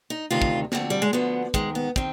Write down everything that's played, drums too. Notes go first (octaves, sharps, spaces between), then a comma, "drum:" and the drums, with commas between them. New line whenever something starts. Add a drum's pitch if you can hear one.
D#4
D2 C3 D#3 F4
drum: kick
D2 D3 F3 C4, drum: snare
G3
G#3
D2 D3 F3 B3
G#2 D#3 G#3, drum: kick
B3
D#3 C4, drum: kick